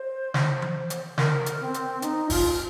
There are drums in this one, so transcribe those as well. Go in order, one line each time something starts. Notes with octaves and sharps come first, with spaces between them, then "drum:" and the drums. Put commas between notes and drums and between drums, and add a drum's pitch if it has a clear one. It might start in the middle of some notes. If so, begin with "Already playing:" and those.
Already playing: C5
drum: snare
drum: tom E3
drum: hi-hat
A#4, drum: snare
drum: hi-hat
C4
drum: hi-hat
D#4, drum: hi-hat
F4, drum: kick, open hi-hat